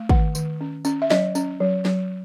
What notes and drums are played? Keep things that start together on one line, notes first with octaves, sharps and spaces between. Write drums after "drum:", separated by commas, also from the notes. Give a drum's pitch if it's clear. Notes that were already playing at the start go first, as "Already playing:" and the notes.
Already playing: A3
D#3 F#5, drum: kick
D#3, drum: tambourine
C#4
C#4, drum: tambourine
E5
F#3 D#5, drum: snare
C#4, drum: tambourine
F#3
F#3, drum: snare